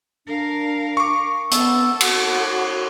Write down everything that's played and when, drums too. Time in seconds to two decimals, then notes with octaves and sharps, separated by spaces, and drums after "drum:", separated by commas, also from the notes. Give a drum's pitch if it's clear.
0.27 D4 A#4 F5
0.97 C#6 D6
1.51 B3 A4 E6, drum: hi-hat
2.00 F#4 F#5, drum: cymbal